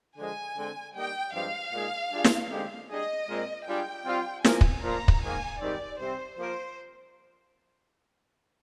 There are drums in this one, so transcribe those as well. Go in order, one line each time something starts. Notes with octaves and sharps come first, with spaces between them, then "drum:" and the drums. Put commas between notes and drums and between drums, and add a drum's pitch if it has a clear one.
D3 F3 G#3 G#5
D3 G#3 C4
G3 A#3 D#4 G4 G5
G2 F3 G#3 C4 G4 F5
A#2 G#3 D#4 G#4
G3 D4 F4 G#4
drum: snare
D3 G#3 C4 D#4 G4
G3 D4 G#4 D#5
A#2 G#3 C4 F4 A#4
G3 D4 F4 G#4 G5
G3 C4 F4
F3 A#3 F4 A#4 G#5, drum: snare
drum: kick
A#2 F3 A#3 F4 A#5
drum: kick
G#2 D#3 A#3 G#5
G#2 D#3 G3 C4 G4 D5
C3 G3 C4 C5
F3 A#3 F4 A#4 C5